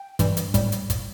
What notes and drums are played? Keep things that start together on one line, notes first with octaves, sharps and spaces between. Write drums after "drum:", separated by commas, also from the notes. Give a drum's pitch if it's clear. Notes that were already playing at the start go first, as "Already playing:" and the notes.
Already playing: G5
G2 E3 G3, drum: kick, hi-hat
drum: hi-hat
A2 G3, drum: kick, hi-hat
drum: hi-hat
drum: kick, hi-hat